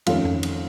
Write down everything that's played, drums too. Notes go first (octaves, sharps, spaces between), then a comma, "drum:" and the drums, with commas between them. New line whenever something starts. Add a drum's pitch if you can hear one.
F2 D#3 A3 C#4 F4 F5, drum: cymbal
drum: tom F2
drum: cymbal